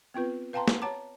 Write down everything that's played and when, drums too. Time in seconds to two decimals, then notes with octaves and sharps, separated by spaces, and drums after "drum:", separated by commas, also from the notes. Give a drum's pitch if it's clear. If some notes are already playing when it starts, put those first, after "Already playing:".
0.14 B3 C4 F4 B4
0.53 B4 F5 G5 A5 A#5 C6
0.68 drum: snare
0.82 C#5 F#5 A5 A#5 D6